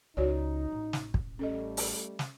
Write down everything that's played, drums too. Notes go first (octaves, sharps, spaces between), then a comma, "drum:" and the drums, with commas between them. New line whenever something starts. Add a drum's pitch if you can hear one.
C#2 D#4 F#4 C#5 D5
A1
drum: snare
drum: kick
G3 A3 C#4 A4 D#5
drum: open hi-hat
drum: snare